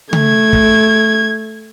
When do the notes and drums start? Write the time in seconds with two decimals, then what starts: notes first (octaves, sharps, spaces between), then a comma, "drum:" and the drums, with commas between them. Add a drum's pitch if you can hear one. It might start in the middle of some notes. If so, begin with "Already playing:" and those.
0.13 A3 G#6, drum: tom C#3
0.53 drum: kick